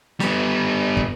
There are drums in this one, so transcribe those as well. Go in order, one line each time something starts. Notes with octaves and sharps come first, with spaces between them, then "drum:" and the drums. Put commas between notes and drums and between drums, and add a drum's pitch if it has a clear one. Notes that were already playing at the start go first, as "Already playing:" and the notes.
G3 B3, drum: snare
drum: kick